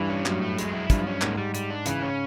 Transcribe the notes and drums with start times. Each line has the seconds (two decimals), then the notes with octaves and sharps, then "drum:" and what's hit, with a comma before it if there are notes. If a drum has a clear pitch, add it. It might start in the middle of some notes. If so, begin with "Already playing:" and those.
Already playing: G2 E3
0.10 C#4
0.26 F#2 A2, drum: clap
0.41 A3
0.59 G#3, drum: hi-hat
0.74 E4
0.90 G2 F3, drum: kick, hi-hat
1.05 G2 C#4
1.22 G#2 A#3, drum: clap
1.38 G3
1.55 G3, drum: hi-hat
1.70 D4
1.86 C#3 E3, drum: hi-hat
2.03 C#4